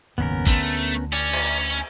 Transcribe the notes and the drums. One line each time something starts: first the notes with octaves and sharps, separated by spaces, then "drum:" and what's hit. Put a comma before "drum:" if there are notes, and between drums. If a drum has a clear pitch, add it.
F#1 D#2 G#2 B3 C#4 A#4
D2 D3 A3, drum: kick
C#4 D5, drum: cymbal
drum: cymbal